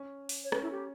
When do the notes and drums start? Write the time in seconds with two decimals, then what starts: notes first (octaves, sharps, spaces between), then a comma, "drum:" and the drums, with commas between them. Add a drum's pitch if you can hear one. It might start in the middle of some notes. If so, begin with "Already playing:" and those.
Already playing: C#4
0.29 drum: open hi-hat
0.44 C#5
0.52 C#4 B4, drum: rim click
0.62 E4
0.72 G4